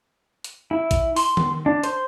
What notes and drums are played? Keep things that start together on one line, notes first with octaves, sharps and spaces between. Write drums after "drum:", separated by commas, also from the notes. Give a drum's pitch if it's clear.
drum: hi-hat
E4
drum: kick A1, hi-hat
C6, drum: open hi-hat
drum: tom D#3
D4
C5, drum: hi-hat